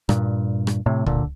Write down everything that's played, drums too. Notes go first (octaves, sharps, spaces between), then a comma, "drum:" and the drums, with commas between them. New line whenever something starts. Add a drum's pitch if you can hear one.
G2 A#2, drum: rim click
drum: rim click
A2 C3
A#2 D3, drum: kick